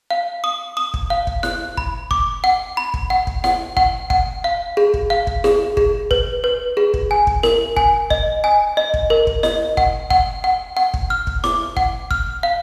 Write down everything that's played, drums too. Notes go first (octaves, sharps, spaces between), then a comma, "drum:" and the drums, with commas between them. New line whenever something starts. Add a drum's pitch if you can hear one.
F5
D#6
D#6
drum: kick
F5
drum: kick
F#6, drum: snare E4
B5, drum: kick
D6, drum: kick
F#5
B5
drum: kick
F#5
drum: kick
F#5, drum: snare E4
F#5, drum: kick
F#5, drum: kick
F5
G#4
drum: kick
F5
drum: kick
G#4, drum: snare E4
G#4, drum: kick
B4, drum: kick
B4
G#4
drum: kick
G#5
drum: kick
A#4, drum: snare E4
G#5, drum: kick
D#5, drum: kick
G#5
D#5
drum: kick
A#4
drum: kick
D#5, drum: snare E4
F#5, drum: kick
F#5, drum: kick
F#5
F#5
drum: kick
F6
drum: kick
D6, drum: snare E4
F#5, drum: kick
F6, drum: kick
F5